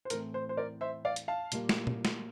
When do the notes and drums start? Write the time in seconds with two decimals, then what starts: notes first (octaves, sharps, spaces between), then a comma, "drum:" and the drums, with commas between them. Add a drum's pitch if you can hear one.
0.05 C5
0.10 A2 E3 A3 C4 A#4, drum: hi-hat
0.34 C5
0.49 C5
0.57 A#4 D5
0.81 C5 E5
1.05 D5 F5
1.16 drum: hi-hat
1.28 F5 A5
1.52 A#2 G3 A#3, drum: hi-hat
1.69 drum: snare
1.87 drum: tom A#2
2.05 drum: snare